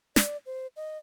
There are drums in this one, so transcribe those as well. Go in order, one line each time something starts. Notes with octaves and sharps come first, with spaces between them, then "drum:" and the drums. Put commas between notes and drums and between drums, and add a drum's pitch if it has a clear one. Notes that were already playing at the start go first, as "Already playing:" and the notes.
D5, drum: snare
C5
D#5